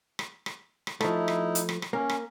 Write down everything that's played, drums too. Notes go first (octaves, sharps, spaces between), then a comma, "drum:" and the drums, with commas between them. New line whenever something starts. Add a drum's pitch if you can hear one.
drum: rim click
drum: rim click
drum: rim click
F3 A3 D#4 E4, drum: rim click
drum: rim click
drum: hi-hat
drum: rim click
drum: rim click
A#3 C#4
drum: rim click